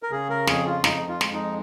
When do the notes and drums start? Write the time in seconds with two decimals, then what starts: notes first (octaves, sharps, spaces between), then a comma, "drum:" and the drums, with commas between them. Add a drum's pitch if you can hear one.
0.03 A#4
0.11 C#3 G#4
0.30 A#4
0.47 F2 G#4, drum: snare
0.66 F4
0.84 F2 D#4, drum: snare
1.09 F4
1.21 G#3, drum: snare
1.33 D#4